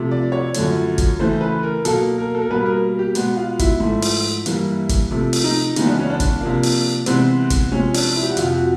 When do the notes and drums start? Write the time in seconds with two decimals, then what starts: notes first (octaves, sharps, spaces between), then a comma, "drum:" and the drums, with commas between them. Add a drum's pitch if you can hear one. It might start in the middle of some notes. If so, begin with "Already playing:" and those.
Already playing: C3 F3 A3
0.11 D5
0.32 C#5
0.54 F#2 D3 F3 A3, drum: hi-hat
0.98 drum: kick G1, hi-hat
1.20 C#3 E3 A3 C5
1.41 B4
1.63 A#4
1.85 B2 F#3 A#3 A4, drum: hi-hat
2.18 A#4
2.35 A4
2.42 A#4
2.51 B2 G3 A#3 B4
2.66 A#4
2.99 G4
3.15 B2 G#3 B3 F#4, drum: hi-hat
3.37 F4
3.59 E4, drum: kick G1, hi-hat
3.80 G#2 F3 A3
4.02 drum: open hi-hat
4.46 G2 E3 G3 A#3, drum: hi-hat
4.89 drum: kick G1, hi-hat
5.11 C3 F3 A3
5.33 drum: open hi-hat
5.44 D#4
5.76 C#3 E3 G#3 B3 D#4, drum: hi-hat
5.87 D4
5.99 C#4
6.10 D4
6.20 drum: kick G1, hi-hat
6.41 C3 F3 A#3
6.63 drum: open hi-hat
7.06 C3 E3 G#3 B3 C4, drum: hi-hat
7.50 drum: kick G1, hi-hat
7.72 C3 F3 G#3 C#4
7.94 D4, drum: open hi-hat
8.16 E4
8.23 G4
8.30 F#4
8.37 F2 C3 F3 F4, drum: hi-hat
8.54 F#4